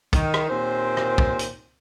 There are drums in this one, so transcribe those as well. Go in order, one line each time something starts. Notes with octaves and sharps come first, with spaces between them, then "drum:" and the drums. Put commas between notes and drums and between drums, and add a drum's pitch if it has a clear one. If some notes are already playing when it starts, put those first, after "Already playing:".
D#3, drum: kick, hi-hat
drum: rim click
D#2 A#2 C4 C5
drum: rim click
drum: kick
drum: hi-hat